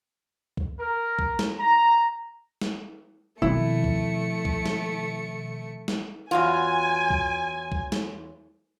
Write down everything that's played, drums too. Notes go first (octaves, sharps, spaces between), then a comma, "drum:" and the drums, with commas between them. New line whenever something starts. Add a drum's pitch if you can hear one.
drum: kick
A#4
drum: kick
drum: snare
A#5
drum: snare
B2 D#3 F3 A3 C4 E4 C#7
drum: kick
drum: kick
drum: snare
drum: snare
E2 F#3 F4 G#5
drum: kick
drum: kick
drum: snare